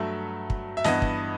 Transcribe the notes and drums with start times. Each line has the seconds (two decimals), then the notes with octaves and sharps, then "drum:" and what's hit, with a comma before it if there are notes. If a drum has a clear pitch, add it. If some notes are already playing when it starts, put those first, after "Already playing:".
Already playing: G2 F#3 A3 E5
0.50 drum: kick
0.77 E5
0.84 G2 E3 B3 D#5, drum: snare
1.02 drum: kick